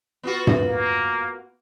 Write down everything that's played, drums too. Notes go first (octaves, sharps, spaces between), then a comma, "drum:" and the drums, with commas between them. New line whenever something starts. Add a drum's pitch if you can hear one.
B3 F4 F#4
drum: tom G2
A#3